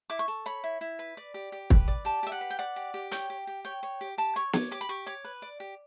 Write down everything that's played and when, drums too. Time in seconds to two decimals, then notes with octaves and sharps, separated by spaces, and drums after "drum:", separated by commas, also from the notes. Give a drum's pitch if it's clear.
0.10 E4 D6
0.19 C#6
0.28 A4
0.46 C#5 B5
0.64 E4
0.81 E4
0.99 B4
1.17 D5
1.34 G4
1.52 G4
1.70 B4, drum: kick
1.88 D5
2.05 G4 A5
2.23 G4 E5
2.32 F#5
2.41 B4
2.50 G5
2.59 D5 F#5
2.76 G4
2.94 G4
3.11 C#5 G5, drum: hi-hat
3.30 G4
3.47 G4
3.65 C#5 G5
3.83 C#5
4.01 G4
4.18 G4 A5
4.36 C#5 C#6
4.53 C#5 D6, drum: snare
4.71 G4 D6
4.81 B5
4.89 G4 C#6
5.06 C#5 D6
5.24 B4
5.42 D5
5.60 G4